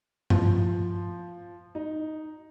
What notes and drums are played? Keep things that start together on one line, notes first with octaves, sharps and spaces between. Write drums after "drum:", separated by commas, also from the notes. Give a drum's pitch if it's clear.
F3, drum: tom G2
D#4